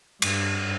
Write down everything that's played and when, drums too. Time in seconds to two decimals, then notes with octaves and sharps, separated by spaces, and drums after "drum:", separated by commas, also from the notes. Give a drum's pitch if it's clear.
0.22 G2, drum: cymbal